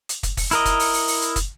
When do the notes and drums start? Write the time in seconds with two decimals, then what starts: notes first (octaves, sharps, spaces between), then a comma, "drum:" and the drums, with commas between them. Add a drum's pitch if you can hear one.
0.09 drum: hi-hat
0.23 drum: kick, hi-hat
0.37 drum: kick, open hi-hat
0.51 E4 A#4 D#5, drum: hi-hat
0.65 drum: kick, hi-hat
0.79 drum: open hi-hat
0.94 drum: open hi-hat
1.08 drum: open hi-hat
1.22 drum: hi-hat
1.36 drum: kick, hi-hat